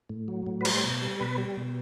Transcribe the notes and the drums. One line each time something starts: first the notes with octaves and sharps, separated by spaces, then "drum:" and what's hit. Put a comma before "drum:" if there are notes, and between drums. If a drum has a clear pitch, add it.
A2
F#3
A2
B4
G3 C5, drum: cymbal
B2
G3
B2 B4
G3
B2